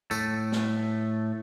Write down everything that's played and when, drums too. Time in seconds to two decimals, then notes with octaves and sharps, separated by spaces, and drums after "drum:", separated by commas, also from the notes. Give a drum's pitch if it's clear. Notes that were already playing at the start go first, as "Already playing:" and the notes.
0.11 A2 A3, drum: tambourine
0.52 drum: snare